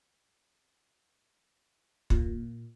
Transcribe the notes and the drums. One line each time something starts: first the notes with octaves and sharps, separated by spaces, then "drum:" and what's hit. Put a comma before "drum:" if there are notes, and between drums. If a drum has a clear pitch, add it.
A#2, drum: kick